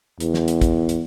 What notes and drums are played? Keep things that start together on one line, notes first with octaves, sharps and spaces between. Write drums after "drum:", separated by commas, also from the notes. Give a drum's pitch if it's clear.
E2, drum: hi-hat
drum: snare
drum: hi-hat
drum: kick, hi-hat
drum: hi-hat